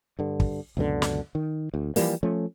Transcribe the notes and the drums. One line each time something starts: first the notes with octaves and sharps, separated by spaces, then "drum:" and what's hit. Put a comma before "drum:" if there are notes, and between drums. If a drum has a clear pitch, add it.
G2 D3
drum: kick
C#2 F#2 B2 D3
drum: snare
D#3
D2
E3 F3 G3 A#3, drum: open hi-hat
F3 A3 C#4